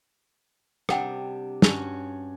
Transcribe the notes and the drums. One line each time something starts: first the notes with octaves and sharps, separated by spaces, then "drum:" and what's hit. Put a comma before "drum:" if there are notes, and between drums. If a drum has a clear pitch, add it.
C3 G3 D4 A#4 F#5 G5, drum: rim click
G2 C#4 F#4, drum: snare